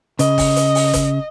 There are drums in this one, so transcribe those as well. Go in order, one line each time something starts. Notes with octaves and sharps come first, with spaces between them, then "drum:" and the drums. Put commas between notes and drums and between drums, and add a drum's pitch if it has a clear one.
C#3 D#5, drum: hi-hat
drum: kick G1, open hi-hat
drum: hi-hat
drum: open hi-hat
drum: kick G1, hi-hat